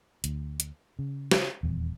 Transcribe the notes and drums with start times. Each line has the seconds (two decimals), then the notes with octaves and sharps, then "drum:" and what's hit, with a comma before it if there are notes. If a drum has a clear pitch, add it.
0.24 D2, drum: hi-hat
0.60 drum: hi-hat
0.99 C#3
1.31 drum: snare
1.63 D#1 E2